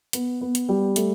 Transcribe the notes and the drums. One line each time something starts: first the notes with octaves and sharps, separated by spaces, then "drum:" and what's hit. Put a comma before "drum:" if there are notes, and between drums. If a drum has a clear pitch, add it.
B3, drum: hi-hat
B3
drum: hi-hat
G3
A3, drum: hi-hat